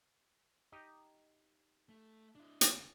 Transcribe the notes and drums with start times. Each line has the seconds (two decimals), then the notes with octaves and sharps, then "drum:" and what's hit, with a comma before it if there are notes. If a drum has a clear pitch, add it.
0.72 D#4 G4 D#5
1.89 A3
2.35 D4 E4
2.61 D#2 C#3 B4, drum: hi-hat